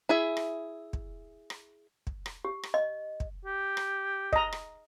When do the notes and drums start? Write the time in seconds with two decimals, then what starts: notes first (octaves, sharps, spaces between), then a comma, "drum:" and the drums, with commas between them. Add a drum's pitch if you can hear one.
0.09 E4 G#4 E5
0.37 drum: rim click
0.93 drum: kick
1.50 drum: rim click
2.07 drum: kick
2.26 drum: rim click
2.45 G4
2.63 drum: rim click
2.74 D#5
3.20 drum: kick
3.45 G4
3.77 drum: rim click
4.33 D#5 A#5, drum: kick
4.52 drum: rim click